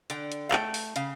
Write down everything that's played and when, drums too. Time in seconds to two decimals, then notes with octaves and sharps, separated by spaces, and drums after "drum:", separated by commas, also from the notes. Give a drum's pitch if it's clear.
0.10 D3 G5, drum: hi-hat
0.32 drum: hi-hat
0.49 F5
0.52 A3 G5, drum: clap
0.74 drum: open hi-hat
0.96 C#3 F5, drum: hi-hat